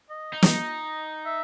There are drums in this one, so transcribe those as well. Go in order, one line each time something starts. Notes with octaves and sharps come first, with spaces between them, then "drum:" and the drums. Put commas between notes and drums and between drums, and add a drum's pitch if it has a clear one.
D#5
D#4
drum: snare
E5